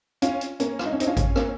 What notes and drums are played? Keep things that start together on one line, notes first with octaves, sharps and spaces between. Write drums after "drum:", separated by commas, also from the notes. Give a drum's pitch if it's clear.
C#4 F4, drum: hi-hat
drum: hi-hat
A#3 C#4, drum: hi-hat
F4, drum: rim click
D#4
C#4
C4 D#4, drum: hi-hat
C#4 F4
drum: kick, hi-hat
A#3 C#4, drum: rim click